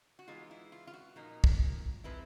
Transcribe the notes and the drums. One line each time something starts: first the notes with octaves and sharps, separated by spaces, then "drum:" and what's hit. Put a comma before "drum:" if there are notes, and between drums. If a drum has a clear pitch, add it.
F#4
E3 G#3 B3 D#4 F4
E4
F4
F4
F#4
A#2 F3 A#3 D#4
drum: kick
F3 G#3 C4 E4 B4